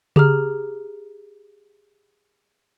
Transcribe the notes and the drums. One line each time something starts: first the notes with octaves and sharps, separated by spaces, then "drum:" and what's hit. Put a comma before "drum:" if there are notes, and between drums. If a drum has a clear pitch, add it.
G4 G#4 A#5 F6, drum: tom C#3